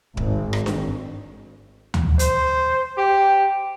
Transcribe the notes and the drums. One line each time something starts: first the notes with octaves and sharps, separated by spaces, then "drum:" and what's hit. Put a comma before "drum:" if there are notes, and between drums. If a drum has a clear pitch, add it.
G#1, drum: kick D1
drum: rim click
drum: snare D4
drum: tom D2
C5, drum: hi-hat
G4